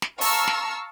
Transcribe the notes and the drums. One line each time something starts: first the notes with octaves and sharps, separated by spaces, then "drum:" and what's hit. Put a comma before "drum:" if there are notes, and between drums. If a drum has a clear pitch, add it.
drum: snare
F5 A5 A#5 C#6 E6 F6, drum: open hi-hat
drum: snare